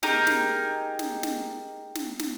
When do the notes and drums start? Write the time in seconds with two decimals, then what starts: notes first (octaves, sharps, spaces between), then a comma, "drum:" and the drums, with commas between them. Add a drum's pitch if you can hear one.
0.03 D#4 G4 G#4 A#4, drum: snare
0.27 drum: snare
0.99 drum: snare
1.23 drum: snare
1.95 drum: snare
2.19 drum: snare